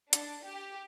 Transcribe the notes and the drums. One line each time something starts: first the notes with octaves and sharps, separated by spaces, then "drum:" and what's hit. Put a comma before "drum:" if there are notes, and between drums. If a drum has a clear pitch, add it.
D4, drum: hi-hat
G4